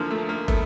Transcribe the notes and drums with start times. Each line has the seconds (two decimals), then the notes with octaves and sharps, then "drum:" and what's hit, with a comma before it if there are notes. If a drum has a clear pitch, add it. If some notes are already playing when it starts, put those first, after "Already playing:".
Already playing: D2 D3 F3 A#3
0.11 A3
0.29 A#3
0.48 A3 B3, drum: kick